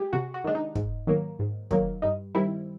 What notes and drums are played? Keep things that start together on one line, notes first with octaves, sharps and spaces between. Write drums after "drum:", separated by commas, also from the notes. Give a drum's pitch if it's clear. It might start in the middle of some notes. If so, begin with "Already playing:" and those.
Already playing: G#3 G4 G#4
C3 F#4
F#4
D#3 G#3 D4
D#4
G#2, drum: kick
D#3 F#3 A#3
G#2
D#3 F#3 A#3, drum: kick
G2 D#4
D#3 G3 C4 E4